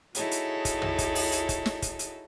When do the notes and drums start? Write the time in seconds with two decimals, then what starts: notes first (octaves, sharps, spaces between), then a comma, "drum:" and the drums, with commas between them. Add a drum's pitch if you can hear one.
0.15 D#4 E4 F#4 G#4 A4 C#5, drum: hi-hat
0.31 drum: hi-hat
0.65 drum: kick, hi-hat
0.82 drum: tom
0.98 drum: kick, hi-hat
1.15 drum: open hi-hat
1.32 drum: hi-hat
1.49 drum: kick, hi-hat
1.66 drum: snare
1.82 drum: kick, hi-hat
1.99 drum: hi-hat